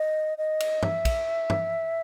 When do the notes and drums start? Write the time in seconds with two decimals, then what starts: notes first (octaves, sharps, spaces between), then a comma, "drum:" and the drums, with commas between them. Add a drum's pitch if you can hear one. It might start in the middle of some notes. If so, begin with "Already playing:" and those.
Already playing: D#5
0.38 D#5
0.60 drum: cymbal
0.83 E5, drum: tom
1.05 drum: kick, cymbal
1.50 drum: tom